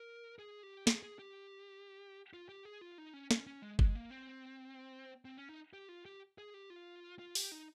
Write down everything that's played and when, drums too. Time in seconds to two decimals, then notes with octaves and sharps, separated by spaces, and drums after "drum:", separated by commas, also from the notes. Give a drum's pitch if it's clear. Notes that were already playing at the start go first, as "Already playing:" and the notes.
Already playing: A#4
0.39 G#4
0.63 G4
0.87 G#4, drum: snare
1.03 G#4
1.19 G4
2.33 F4
2.49 G4
2.65 G#4
2.81 F4
2.98 D#4
3.14 C#4
3.31 C#4, drum: snare
3.47 C#4
3.62 G#3
3.79 G#3, drum: kick
3.95 A#3
4.10 C4
5.25 C4
5.37 C#4
5.49 D#4
5.73 G4
5.89 F4
6.06 G4
6.38 G#4
6.54 G4
6.70 F4
7.19 F4
7.35 G4, drum: open hi-hat
7.52 D#4